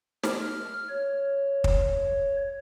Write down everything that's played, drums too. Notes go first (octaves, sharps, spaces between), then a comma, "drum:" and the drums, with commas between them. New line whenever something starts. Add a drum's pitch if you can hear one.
F6, drum: snare
C#5
drum: kick